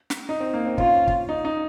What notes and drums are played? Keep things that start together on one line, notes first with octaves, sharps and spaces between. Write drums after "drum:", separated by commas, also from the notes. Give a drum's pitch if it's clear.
drum: snare
D#4
C4
A#3
C4
C#4 F4, drum: kick
drum: kick
D#4
D#4